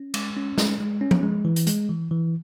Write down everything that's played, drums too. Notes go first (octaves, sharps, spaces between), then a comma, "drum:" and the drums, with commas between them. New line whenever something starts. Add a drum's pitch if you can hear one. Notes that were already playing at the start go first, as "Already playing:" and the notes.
Already playing: C#4
G#3, drum: cymbal
C#4
G#3, drum: snare
G#3
C#4
drum: tom F3
G#3
E3
drum: hi-hat
G#3, drum: hi-hat
E3
E3